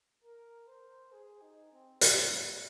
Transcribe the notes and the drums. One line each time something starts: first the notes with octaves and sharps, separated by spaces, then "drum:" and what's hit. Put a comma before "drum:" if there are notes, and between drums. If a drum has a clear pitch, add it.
A#4
C5
G#4
D#4
C4
A#3, drum: hi-hat
A#3